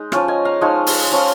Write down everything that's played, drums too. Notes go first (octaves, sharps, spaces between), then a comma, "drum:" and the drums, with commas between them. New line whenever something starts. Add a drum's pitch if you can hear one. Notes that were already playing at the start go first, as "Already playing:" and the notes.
Already playing: G#3 D#4
F3 C#4 F4, drum: rim click
D#5 G#5
F5 A#5
F3 G#3 D#4 G#5 C#6
drum: open hi-hat
F3 C#4 F4